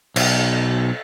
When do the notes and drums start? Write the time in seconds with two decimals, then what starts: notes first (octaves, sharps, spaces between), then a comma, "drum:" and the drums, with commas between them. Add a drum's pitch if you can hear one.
0.16 B1, drum: cymbal